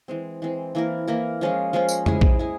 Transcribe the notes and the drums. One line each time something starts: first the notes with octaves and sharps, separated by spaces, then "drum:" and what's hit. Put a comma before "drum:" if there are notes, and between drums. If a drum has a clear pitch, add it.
E3 G#3 C4
E3 G#3 C4
E3 A#3 E4 A#4
E3 A#3 E4 A#4
F3 G#3 C#4 F4
F3 G#3 C#4 F4
drum: tambourine
G#3 E4 G#4, drum: tom
drum: kick A#1
G#3 E4 G#4